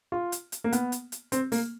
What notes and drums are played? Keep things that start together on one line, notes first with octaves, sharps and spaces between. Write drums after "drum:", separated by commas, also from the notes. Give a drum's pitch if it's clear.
F4
drum: hi-hat
drum: hi-hat
A#3
B3, drum: hi-hat
drum: hi-hat
drum: hi-hat
C4, drum: hi-hat
A#3, drum: open hi-hat